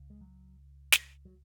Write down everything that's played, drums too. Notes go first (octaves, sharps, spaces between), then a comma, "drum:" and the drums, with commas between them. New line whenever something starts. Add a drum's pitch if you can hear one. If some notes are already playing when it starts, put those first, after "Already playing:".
Already playing: C#2 C#3
G#3
F#3
drum: snare
F#3